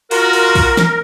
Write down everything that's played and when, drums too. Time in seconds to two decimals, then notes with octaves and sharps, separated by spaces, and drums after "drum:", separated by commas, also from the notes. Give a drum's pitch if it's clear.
0.11 F4 F#4 A#4, drum: open hi-hat
0.33 drum: open hi-hat
0.55 drum: kick, open hi-hat
0.77 drum: snare